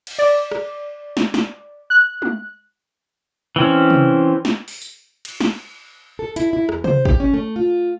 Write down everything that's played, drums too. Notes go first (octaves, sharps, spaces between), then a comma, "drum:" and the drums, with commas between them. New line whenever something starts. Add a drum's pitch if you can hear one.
drum: cymbal
D5
drum: rim click
drum: snare
drum: snare
F#6
drum: tom G#3
E3 C4 C#4
drum: tom C3
drum: snare
drum: open hi-hat
drum: tambourine
drum: cymbal
drum: snare
A4
E4, drum: hi-hat
E4
E2, drum: rim click
C5, drum: tom C3
G4, drum: kick
C#4
A3
F4